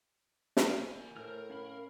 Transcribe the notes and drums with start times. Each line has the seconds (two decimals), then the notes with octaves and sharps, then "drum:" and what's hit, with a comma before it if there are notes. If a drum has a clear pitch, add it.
0.57 drum: snare
0.78 D#2 A#2 G#5
1.17 A2 A4 A#4 C5 F6
1.50 C#4 F5 B5